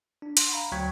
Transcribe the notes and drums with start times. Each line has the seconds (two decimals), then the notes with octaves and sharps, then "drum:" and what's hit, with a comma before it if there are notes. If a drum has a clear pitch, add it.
0.22 D4
0.37 C6, drum: hi-hat
0.52 F5 A#5 B5
0.72 D2 F#3 G5 C#6 G#6 B6